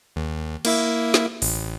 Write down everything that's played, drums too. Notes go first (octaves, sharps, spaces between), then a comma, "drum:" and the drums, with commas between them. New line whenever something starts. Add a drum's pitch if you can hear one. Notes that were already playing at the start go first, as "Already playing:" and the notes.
D#2
A#3 E4 E5, drum: cymbal
drum: snare
A1, drum: open hi-hat